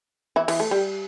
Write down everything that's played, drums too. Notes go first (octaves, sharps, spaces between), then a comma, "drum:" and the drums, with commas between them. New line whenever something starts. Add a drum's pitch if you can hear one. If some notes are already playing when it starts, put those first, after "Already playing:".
E3 E4
E3, drum: cymbal
A3
G3